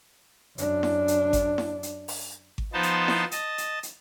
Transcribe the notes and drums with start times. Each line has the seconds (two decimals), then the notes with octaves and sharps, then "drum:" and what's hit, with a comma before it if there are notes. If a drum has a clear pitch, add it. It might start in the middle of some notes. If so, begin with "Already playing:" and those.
0.58 F#2 D4, drum: hi-hat
0.83 drum: snare E4
1.08 drum: hi-hat
1.33 drum: kick G#1, hi-hat
1.58 drum: snare E4
1.83 drum: hi-hat
2.08 drum: open hi-hat
2.58 drum: kick G#1
2.73 F3 B3 D#4 C5 A5
2.83 drum: hi-hat
3.08 drum: snare E4
3.31 D#5 A5, drum: hi-hat
3.58 drum: hi-hat
3.83 drum: hi-hat